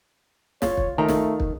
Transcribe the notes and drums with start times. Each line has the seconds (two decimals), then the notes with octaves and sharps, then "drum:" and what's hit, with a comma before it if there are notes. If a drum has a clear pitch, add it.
0.62 F4 C#5, drum: snare
0.77 drum: kick
0.98 D#3 A3 F4 A#5
1.09 drum: snare
1.40 drum: kick